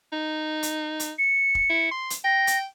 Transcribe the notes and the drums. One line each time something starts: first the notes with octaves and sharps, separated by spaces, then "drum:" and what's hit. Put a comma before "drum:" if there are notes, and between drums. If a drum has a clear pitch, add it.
D#4
drum: hi-hat
drum: hi-hat
C#7
drum: kick E1
E4
C6
drum: hi-hat
G5 A#6
drum: hi-hat